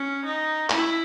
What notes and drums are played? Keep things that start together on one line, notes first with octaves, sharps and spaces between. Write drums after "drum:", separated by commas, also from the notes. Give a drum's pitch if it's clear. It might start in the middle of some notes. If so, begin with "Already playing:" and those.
Already playing: C#4
D#4
E4, drum: clap